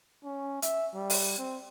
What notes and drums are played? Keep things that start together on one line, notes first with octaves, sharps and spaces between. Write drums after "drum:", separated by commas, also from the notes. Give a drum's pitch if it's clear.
C#4
E5, drum: hi-hat
G3
drum: open hi-hat
C4